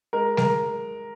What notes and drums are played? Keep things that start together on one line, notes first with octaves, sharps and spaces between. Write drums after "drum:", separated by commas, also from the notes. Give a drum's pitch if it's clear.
G#3 A#4
A#4, drum: snare G3